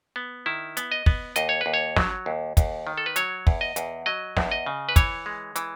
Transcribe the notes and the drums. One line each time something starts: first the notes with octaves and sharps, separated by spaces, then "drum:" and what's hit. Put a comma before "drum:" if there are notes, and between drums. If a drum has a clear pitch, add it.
B3
D#3 E4
B3, drum: hi-hat
D#5
B3, drum: kick
D#2 D#5, drum: hi-hat
C#5
D#2 B4
C#5
F#3, drum: snare
D#2
D#2, drum: kick, hi-hat
D#3
A4
B4
F#3 C#5, drum: hi-hat
E2, drum: kick
D#5
E2, drum: hi-hat
F#3 D#5
E2, drum: snare
D#5
C#3
B4
E3 C#5, drum: kick, hi-hat
G#3
E3, drum: hi-hat